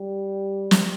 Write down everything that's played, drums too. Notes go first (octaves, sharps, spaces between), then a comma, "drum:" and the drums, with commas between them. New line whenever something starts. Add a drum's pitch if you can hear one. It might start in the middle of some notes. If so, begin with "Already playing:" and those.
Already playing: G3
drum: snare